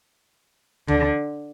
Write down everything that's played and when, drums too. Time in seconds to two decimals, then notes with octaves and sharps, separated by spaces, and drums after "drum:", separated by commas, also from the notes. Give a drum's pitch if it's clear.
0.88 D3, drum: tom D2